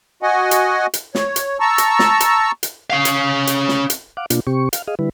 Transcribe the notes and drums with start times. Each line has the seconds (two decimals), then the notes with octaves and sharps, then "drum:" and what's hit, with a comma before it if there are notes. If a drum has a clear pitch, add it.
0.23 F#4 D#5 F#5 G#5
0.51 drum: hi-hat
0.94 drum: hi-hat
1.15 C#5, drum: snare
1.36 drum: hi-hat
1.60 A5 A#5 C#6 E6
1.78 drum: hi-hat
1.99 drum: snare
2.20 drum: hi-hat
2.63 drum: hi-hat
2.90 C#4 F5
3.05 drum: hi-hat
3.47 drum: hi-hat
3.68 drum: snare
3.90 drum: hi-hat
4.17 F5 F#5 D6
4.30 B2 A#3 D4 F4, drum: hi-hat
4.47 C3 C4 G4 C#6
4.73 F5, drum: hi-hat
4.88 G#4 D#5 F5
4.99 D3 G3 E4 B4